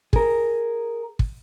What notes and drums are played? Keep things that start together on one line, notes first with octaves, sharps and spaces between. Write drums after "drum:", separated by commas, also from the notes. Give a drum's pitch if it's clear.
G#4 A#4, drum: kick
drum: kick